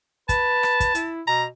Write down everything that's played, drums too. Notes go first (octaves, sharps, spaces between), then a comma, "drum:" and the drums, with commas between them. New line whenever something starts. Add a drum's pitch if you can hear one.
B4 A5, drum: kick, hi-hat
drum: rim click
drum: kick, hi-hat
E4, drum: hi-hat
B2 A#5